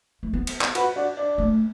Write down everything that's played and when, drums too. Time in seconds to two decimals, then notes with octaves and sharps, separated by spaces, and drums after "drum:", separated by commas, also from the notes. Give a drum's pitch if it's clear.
0.23 A3
0.33 B3
0.47 drum: cymbal
0.61 drum: clap
0.75 F#4 B4, drum: cymbal
0.96 D4 F#4
1.17 D4
1.38 A3